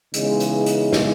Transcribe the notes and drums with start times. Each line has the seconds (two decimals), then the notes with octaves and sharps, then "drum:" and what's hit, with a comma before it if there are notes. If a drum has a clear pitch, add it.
0.14 C#3 E3 G#3 B3 D#4, drum: hi-hat
0.40 drum: hi-hat
0.66 drum: hi-hat
0.93 drum: snare